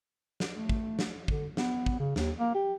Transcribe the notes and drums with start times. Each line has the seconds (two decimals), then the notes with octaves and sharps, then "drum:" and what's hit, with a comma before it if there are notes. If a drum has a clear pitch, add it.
0.40 drum: snare
0.54 A3
0.69 drum: kick
0.99 drum: snare
1.28 D3, drum: kick
1.57 B3, drum: snare
1.86 drum: kick
2.00 C#3
2.16 D#2, drum: snare
2.39 A#3
2.54 G4